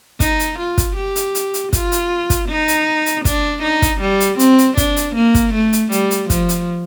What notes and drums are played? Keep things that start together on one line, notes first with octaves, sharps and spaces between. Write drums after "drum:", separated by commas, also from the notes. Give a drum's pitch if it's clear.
D#4, drum: kick, hi-hat
drum: hi-hat
F4
drum: kick, hi-hat
G4
drum: hi-hat
drum: hi-hat
drum: hi-hat
F4, drum: kick, hi-hat
drum: hi-hat
drum: kick, hi-hat
D#4
drum: hi-hat
drum: hi-hat
D4, drum: kick, hi-hat
D#4
drum: kick, hi-hat
G3
drum: hi-hat
C4, drum: hi-hat
drum: hi-hat
D4, drum: kick, hi-hat
drum: hi-hat
A#3
drum: kick, hi-hat
A3
drum: hi-hat
G3, drum: hi-hat
drum: hi-hat
F3, drum: kick, hi-hat
drum: hi-hat